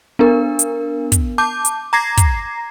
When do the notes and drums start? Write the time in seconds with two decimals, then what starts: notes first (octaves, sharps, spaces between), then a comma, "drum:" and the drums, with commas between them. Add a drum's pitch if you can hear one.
0.19 B3 D4 A#4
0.59 drum: hi-hat
1.12 drum: kick, hi-hat
1.38 A5 D6 G6
1.65 drum: hi-hat
1.93 A#5 D6 G#6 A#6 C7
2.17 drum: kick, hi-hat